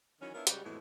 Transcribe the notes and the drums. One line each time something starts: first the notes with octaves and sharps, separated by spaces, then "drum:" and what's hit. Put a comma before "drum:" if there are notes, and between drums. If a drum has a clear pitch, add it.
D#3 E3 F#3 C#4
B3 D4 E4 F4 A#4 C#5
C#3 G3 G#3 F#4 G4, drum: hi-hat
F2 A2 E3 F#3 G#3 B3